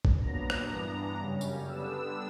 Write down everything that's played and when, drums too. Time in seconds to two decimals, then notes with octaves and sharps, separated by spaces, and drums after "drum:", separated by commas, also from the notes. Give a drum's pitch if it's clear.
0.05 drum: kick
0.21 A#2 F#3 B3 D4 A#5
0.50 drum: rim click
0.69 G2 E3 B3 D4 A#5
1.19 F#2 C#3 G3 C#4
1.41 drum: tambourine
1.67 D3 G3 B3 D4 E6